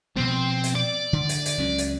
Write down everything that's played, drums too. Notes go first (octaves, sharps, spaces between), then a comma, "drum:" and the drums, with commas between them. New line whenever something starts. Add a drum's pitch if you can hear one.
B2 F3 B3 C4
drum: hi-hat
D5
D3
drum: hi-hat
drum: hi-hat
C#2 F#3 C#4
drum: hi-hat